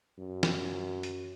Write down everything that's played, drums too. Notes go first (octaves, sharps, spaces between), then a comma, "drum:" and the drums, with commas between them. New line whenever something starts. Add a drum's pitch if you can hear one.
F#2
drum: snare
drum: hi-hat